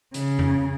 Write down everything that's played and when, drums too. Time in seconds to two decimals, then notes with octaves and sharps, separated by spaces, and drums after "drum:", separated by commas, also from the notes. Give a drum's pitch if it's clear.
0.14 C#3, drum: hi-hat
0.39 drum: tom F2